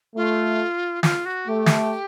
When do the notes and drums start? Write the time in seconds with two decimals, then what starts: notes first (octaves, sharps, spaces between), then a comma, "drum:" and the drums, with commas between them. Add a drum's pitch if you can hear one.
0.16 A3 F4
1.03 F4, drum: snare
1.25 F#4
1.47 A3 G4
1.66 drum: snare